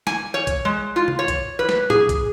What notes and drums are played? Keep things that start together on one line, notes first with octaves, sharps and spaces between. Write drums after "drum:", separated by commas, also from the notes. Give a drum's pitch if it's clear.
G#5, drum: snare
C#5
drum: kick A#1, hi-hat
G#3
F4
drum: tom C3
C#5
drum: kick A#1, hi-hat
B4
drum: snare
G#4, drum: tom A2
drum: kick A#1, hi-hat